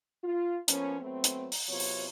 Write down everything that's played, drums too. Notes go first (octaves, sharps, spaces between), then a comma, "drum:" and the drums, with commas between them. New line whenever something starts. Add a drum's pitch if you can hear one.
F4
F3 A#3 B3 C#4, drum: hi-hat
F#3 A3 B3 C4
drum: hi-hat
drum: open hi-hat
C3 F#3 B3 C4 F4 C#5
drum: open hi-hat